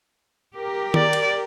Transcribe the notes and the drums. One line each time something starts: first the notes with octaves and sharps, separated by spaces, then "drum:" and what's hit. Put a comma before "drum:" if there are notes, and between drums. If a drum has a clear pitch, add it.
G4 A#4
D5, drum: tom D#3
drum: cymbal